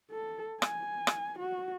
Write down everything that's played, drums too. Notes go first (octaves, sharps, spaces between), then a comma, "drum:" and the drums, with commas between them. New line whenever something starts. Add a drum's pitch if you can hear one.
A4
G#5, drum: rim click
drum: rim click
F#4